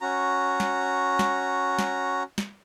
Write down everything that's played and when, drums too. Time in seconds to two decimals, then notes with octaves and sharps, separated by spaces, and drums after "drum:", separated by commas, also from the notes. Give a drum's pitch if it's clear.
0.01 C#4 F#4 A#5
0.60 drum: snare
1.19 drum: snare
1.79 drum: snare
2.38 drum: snare